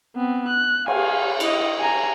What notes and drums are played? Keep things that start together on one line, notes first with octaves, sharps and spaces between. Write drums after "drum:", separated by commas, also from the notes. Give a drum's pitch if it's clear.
B3 C4
F#6
F5 G#5, drum: cymbal
E4 D#5, drum: cymbal
G#5 A#5